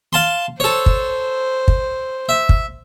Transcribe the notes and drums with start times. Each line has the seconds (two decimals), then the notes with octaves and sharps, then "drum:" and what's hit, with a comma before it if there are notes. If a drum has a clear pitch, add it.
0.13 F5 A5 C6
0.60 A4 C5 C#5
0.86 drum: kick
1.68 drum: kick
2.29 E5
2.49 drum: kick